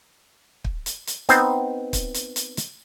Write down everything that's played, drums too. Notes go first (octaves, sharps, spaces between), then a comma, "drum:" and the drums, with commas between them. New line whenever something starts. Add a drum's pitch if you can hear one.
drum: kick
drum: hi-hat
drum: hi-hat
B3 C4 D#4 C5, drum: hi-hat
drum: kick, hi-hat
drum: hi-hat
drum: hi-hat
drum: hi-hat